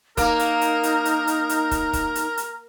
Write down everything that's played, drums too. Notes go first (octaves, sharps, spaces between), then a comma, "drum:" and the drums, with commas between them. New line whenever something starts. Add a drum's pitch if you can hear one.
A#3 D#4 A#4, drum: kick, hi-hat
drum: hi-hat
drum: hi-hat
drum: hi-hat
drum: hi-hat
drum: hi-hat
drum: hi-hat
drum: kick, hi-hat
drum: kick, hi-hat
drum: hi-hat
drum: hi-hat